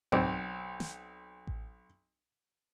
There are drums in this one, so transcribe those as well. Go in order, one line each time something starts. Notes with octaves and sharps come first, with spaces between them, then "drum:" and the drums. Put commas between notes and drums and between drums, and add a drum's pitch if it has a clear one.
B1 C4, drum: tom G#2
drum: snare
drum: kick A1